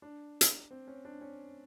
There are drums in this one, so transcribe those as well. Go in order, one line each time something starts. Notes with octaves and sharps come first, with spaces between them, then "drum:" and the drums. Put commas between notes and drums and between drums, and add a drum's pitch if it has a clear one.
D4
drum: hi-hat
C4
C#4
D4
C#4